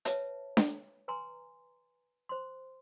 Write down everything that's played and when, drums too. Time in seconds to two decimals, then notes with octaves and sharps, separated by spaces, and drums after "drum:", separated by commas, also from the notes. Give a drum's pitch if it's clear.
0.05 B4 C#5 E5 A5, drum: hi-hat
0.57 drum: snare D4
1.08 B4 G#5 A#5 C6
2.29 C5 C6